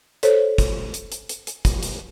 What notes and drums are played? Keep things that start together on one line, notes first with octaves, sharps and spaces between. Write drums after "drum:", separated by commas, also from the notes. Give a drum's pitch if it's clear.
A4 C5 C#5, drum: hi-hat
drum: kick, hi-hat
drum: hi-hat
drum: hi-hat
drum: hi-hat
drum: hi-hat
drum: kick, hi-hat
drum: hi-hat